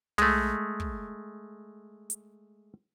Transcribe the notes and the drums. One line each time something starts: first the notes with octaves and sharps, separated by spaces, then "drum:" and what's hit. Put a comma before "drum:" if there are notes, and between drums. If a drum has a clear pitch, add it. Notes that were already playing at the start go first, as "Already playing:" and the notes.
G#3 A3, drum: tom
drum: kick
drum: hi-hat